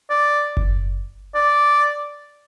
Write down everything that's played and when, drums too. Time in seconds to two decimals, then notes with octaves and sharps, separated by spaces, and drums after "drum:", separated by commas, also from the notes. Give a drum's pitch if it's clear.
0.10 D5
0.57 drum: kick F#1
1.35 D5